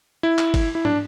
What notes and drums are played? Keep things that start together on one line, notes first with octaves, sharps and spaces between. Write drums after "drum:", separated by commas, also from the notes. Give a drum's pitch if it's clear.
E4
drum: clap
drum: kick, cymbal
E4
D4, drum: tom